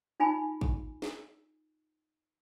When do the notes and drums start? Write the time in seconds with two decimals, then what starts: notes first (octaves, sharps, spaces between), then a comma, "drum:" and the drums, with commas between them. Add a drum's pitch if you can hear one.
0.20 D#4 F4 G#5 B5
0.61 drum: kick
1.02 drum: snare